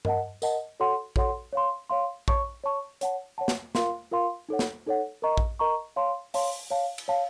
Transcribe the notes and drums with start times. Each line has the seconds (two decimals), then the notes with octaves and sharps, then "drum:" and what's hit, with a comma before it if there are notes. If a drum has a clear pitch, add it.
0.05 A#4 D#5 F#5 A5, drum: tom G2
0.42 A#4 D#5 F#5 A5, drum: tambourine
0.80 F#4 A4 C#5 F#5 C6
1.16 F#4 A4 C#5 F#5 C6, drum: kick A#1
1.53 C#5 F5 C6
1.90 C#5 F5 C6
2.28 C#5 A5 C#6, drum: kick A#1
2.64 C#5 A5 C#6
3.01 C#5 F#5 A5, drum: hi-hat
3.38 C#5 F#5 A5
3.48 drum: snare
3.75 F4 A#4 F5 C6, drum: snare
4.12 F4 A#4 F5 C6
4.49 D#4 A4 C#5 F#5
4.59 drum: snare
4.86 D#4 A4 C#5 F#5
5.22 A#4 D#5 A#5 C#6
5.37 drum: kick A#1
5.59 A#4 D#5 A#5 C#6
5.96 C#5 F5 A5 C6
6.34 C#5 F5 A5 C6, drum: open hi-hat
6.70 C#5 F5 A5
6.98 drum: cymbal
7.08 C#5 F5 A5